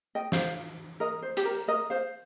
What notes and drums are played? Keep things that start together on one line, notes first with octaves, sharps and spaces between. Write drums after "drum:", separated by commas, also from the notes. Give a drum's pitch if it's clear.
D#5 G5
C5 F5, drum: snare
A#4 D#5
C5
G4, drum: hi-hat
A#4
A#4 D#5
C5 F5